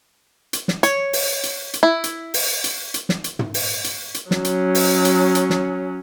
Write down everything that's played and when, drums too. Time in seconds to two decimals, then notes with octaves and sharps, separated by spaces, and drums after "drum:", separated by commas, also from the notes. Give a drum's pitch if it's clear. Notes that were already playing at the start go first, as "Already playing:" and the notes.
0.53 drum: hi-hat
0.68 drum: snare
0.83 C#5, drum: hi-hat
1.13 drum: open hi-hat
1.43 drum: hi-hat
1.73 drum: hi-hat
1.83 E4
2.04 drum: hi-hat
2.34 drum: open hi-hat
2.64 drum: hi-hat
2.94 drum: hi-hat
3.09 drum: snare
3.24 drum: hi-hat
3.39 drum: tom
3.54 drum: open hi-hat
3.84 drum: hi-hat
4.14 drum: hi-hat
4.31 F#3 C#4, drum: snare
4.45 drum: hi-hat
4.75 drum: open hi-hat
5.05 drum: hi-hat
5.35 drum: hi-hat
5.50 drum: snare